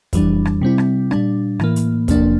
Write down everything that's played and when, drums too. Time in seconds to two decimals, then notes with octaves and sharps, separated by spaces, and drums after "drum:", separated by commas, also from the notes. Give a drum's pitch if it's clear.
0.13 F2 E3 G3 D4, drum: kick, hi-hat
0.45 drum: rim click
0.61 C3 G3 C4 E4
0.78 drum: rim click
1.11 A#2 G3 D4, drum: rim click
1.59 A2 E3 A#3, drum: rim click
1.76 drum: hi-hat
2.08 E2 C3 F3 A#3 D4, drum: kick, hi-hat